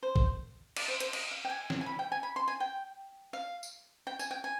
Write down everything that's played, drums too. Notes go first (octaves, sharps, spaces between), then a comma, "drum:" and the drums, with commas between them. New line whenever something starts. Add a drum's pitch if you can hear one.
C5
drum: kick A1
D5, drum: cymbal
C5
C5, drum: hi-hat
D#5, drum: cymbal
F5
G5
G#5
drum: snare
G#5
B5
G5
G#5
B5
C6
G#5
G5
F5
drum: tambourine
G5
G#5, drum: tambourine
G5
G#5